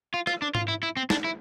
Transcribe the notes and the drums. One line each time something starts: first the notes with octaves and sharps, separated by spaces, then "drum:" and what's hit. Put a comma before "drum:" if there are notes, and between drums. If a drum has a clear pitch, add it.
F4
F4, drum: rim click
D4
F4, drum: tom G#2
E4
E4
C4
D4, drum: snare
E4